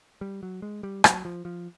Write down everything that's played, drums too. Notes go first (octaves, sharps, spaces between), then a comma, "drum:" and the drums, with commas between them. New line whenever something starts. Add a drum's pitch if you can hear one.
G3
F#3
G#3
G3
F#3, drum: rim click
F3
F3